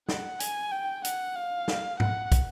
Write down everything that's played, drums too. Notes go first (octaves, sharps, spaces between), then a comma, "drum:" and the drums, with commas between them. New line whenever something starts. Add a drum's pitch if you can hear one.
F#5, drum: snare
G#5, drum: hi-hat
G5
F#5, drum: hi-hat
F5
drum: snare
F#5, drum: tom G#2
drum: kick, hi-hat